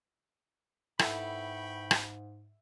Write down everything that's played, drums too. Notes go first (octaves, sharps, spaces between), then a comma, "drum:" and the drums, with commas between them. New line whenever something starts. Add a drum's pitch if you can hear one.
G#2 B3 E4 A4 E5 G5 B5 C#6, drum: rim click
drum: rim click